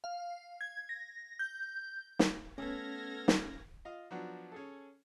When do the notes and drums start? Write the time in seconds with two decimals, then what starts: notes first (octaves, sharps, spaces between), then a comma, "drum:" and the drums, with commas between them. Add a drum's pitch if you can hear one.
0.04 F5
0.61 G#6
0.89 A#6
1.39 G6
2.19 drum: snare
2.58 A3 B3 C#4 A4 F6 G#6 A#6
3.28 drum: snare
3.85 F4 D#5 F5
4.11 F3 F#3 B3 D4 F#4
4.52 C#4 G#4 A4